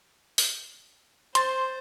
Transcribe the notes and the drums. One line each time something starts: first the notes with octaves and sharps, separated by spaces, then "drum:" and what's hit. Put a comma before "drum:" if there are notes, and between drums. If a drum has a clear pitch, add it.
drum: open hi-hat
C5 C6 A6, drum: hi-hat